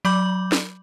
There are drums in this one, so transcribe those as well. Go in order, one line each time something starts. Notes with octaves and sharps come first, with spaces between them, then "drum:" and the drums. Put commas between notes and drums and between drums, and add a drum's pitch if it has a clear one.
F#3 B5 D6 G6 F#7
drum: snare